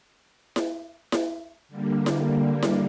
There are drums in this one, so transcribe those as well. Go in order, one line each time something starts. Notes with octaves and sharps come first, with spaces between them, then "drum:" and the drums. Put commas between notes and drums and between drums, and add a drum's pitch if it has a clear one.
drum: snare E4
drum: snare E4
D3 G3 A#3
drum: snare E4
drum: snare E4